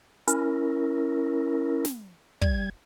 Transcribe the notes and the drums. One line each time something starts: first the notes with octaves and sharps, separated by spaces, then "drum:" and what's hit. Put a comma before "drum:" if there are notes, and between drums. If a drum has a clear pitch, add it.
C#4 E4 A#4, drum: hi-hat
drum: snare
G3 G#6, drum: kick